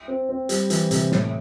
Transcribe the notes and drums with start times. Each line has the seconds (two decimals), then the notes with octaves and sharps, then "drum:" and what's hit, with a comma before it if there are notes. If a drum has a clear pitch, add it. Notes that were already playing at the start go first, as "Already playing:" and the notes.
0.08 C4
0.29 C4
0.49 G3, drum: hi-hat
0.70 E3, drum: hi-hat
0.91 C3, drum: hi-hat
1.12 A2, drum: snare